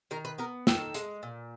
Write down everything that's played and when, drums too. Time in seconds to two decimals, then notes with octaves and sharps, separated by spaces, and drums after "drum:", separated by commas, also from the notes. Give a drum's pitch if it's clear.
0.11 D#3 A#4
0.25 B4
0.38 B3 A#4
0.67 D#3 A4, drum: snare
0.94 G#3, drum: hi-hat
1.23 A#2